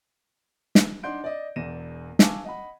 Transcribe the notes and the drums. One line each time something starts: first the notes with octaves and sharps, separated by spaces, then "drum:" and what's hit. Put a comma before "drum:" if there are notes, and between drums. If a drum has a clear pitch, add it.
drum: snare
D4 D#4 F#5 C6 G6 D7
D5 D#5
E1 E2 D5 A#6 D#7 E7
F5 G#5 A5 C#6 D6 E6, drum: snare
D#5 F#5 B5